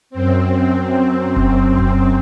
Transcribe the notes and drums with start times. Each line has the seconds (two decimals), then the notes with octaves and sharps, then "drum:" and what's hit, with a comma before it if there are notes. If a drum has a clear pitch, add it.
0.10 F#2 C4
1.36 drum: kick F1
1.78 drum: kick F1